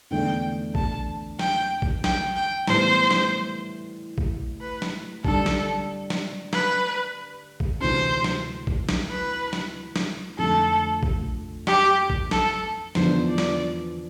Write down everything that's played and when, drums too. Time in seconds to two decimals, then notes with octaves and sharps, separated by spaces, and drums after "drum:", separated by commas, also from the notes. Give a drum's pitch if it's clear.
0.11 E2 D3 A3 D4 G5
0.75 A5, drum: kick A1
1.39 G5, drum: snare
1.82 drum: kick A1
2.04 G5, drum: snare
2.35 G5
2.67 A2 E3 G3 B3 C5, drum: snare
3.11 drum: snare
4.18 drum: kick A1
4.61 B4
4.82 drum: snare
5.24 D3 G3 D4 A4, drum: kick A1
5.46 drum: snare
6.10 drum: snare
6.53 B4, drum: snare
7.60 drum: kick A1
7.81 D2 C3 E3 C5
8.24 drum: snare
8.67 drum: kick A1
8.89 drum: snare
9.10 B4
9.53 drum: snare
9.96 drum: snare
10.38 F2 D3 A3 A4
11.03 drum: kick A1
11.67 G4, drum: snare
12.10 drum: kick A1
12.31 A4, drum: snare
12.95 E2 D3 F3 B3 D4 C5, drum: snare
13.28 D5
13.38 drum: snare